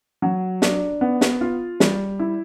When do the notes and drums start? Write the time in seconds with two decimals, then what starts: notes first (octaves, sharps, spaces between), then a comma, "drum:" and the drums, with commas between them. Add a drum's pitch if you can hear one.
0.22 F#3
0.62 D4, drum: snare
1.01 B3
1.21 drum: snare
1.41 F4
1.80 G3, drum: snare
2.19 E4